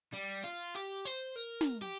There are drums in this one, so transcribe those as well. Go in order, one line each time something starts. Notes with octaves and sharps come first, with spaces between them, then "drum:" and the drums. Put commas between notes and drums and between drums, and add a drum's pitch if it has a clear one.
G3
F4
G4
C5
A#4
drum: snare
G4